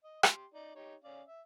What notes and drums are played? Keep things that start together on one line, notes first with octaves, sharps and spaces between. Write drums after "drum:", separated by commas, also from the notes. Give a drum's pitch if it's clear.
D#5
G4 C6, drum: rim click
D#4 D5
D#4 G4 C#5
C#4 D5 F5
E5